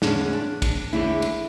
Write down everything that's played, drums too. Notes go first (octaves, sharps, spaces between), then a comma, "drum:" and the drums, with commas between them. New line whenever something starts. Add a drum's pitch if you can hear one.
E2 D3 G#3 C#4 D4, drum: snare
C#4
D4
D4, drum: kick, cymbal
E2 D3 G#3 C#4 E4
drum: cymbal